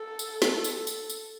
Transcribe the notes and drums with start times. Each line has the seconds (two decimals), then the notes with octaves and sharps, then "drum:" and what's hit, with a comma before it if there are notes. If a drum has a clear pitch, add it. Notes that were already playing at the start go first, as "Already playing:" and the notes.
Already playing: A4
0.19 drum: tambourine
0.42 drum: snare
0.64 drum: tambourine
0.87 drum: tambourine
1.10 drum: tambourine